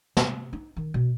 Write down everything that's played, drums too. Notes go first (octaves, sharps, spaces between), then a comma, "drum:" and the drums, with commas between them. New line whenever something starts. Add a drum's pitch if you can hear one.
C3, drum: snare
D#4
D#3
B2